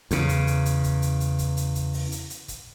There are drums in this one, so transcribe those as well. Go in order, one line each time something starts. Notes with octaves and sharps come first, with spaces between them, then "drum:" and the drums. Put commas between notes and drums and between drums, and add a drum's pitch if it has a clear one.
E2 C#3, drum: hi-hat
drum: hi-hat
drum: hi-hat
drum: hi-hat
drum: kick, hi-hat
drum: hi-hat
drum: hi-hat
drum: kick, hi-hat
drum: hi-hat
drum: kick, hi-hat
drum: open hi-hat
drum: hi-hat
drum: hi-hat
drum: kick, hi-hat